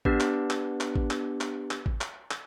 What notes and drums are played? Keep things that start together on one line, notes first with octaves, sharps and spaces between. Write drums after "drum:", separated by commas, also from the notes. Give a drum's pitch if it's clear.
B3 D4 G4 B4, drum: kick
drum: clap
drum: clap
drum: clap
drum: kick
drum: clap
drum: clap
drum: clap
drum: kick
drum: clap
drum: clap